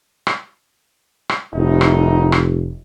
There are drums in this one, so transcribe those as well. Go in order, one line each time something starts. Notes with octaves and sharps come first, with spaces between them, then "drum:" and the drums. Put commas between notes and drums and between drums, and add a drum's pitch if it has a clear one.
drum: rim click
drum: rim click
F1 C2 A2 D#4
drum: rim click
drum: rim click